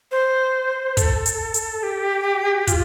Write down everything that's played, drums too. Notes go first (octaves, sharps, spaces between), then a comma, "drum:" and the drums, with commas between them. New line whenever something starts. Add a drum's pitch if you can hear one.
C5
A4, drum: kick, hi-hat
drum: hi-hat
drum: hi-hat
G4
F4, drum: kick, hi-hat